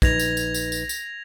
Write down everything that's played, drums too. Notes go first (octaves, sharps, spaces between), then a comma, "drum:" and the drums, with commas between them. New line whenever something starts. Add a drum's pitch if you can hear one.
A#1 D#4 B4 G#6 A#6 F7, drum: kick, tambourine
drum: tambourine
drum: tambourine
drum: tambourine
drum: tambourine
drum: tambourine